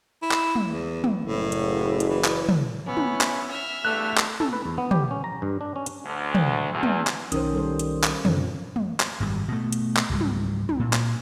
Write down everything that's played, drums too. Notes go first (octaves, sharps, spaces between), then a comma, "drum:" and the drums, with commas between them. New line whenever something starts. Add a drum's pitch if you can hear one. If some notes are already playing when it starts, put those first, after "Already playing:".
E4
drum: clap
drum: tom
E2
drum: tom
F#1 A2
drum: hi-hat
drum: hi-hat
E3
drum: clap
drum: tom
B3 C#4 E4
drum: tom
drum: clap
E5 F6
E2 G2 D3 A3 F#6
drum: clap
A4, drum: tom
B4
E2
B3
G4, drum: tom
C#4
A#5
G2
D4
C#4
drum: hi-hat
D2
drum: tom
E2
drum: tom
drum: clap
B1 D#3 C#4 A#4 C5 D#6, drum: hi-hat
G3 A4 C5
drum: hi-hat
drum: clap
F#2 D3 C4 F4, drum: tom
drum: tom
drum: clap
G#1 F#2 A2 G3
B2 A3
drum: hi-hat
drum: clap
C#2 G#2 F#3 G3
drum: tom
drum: tom
A#2
drum: clap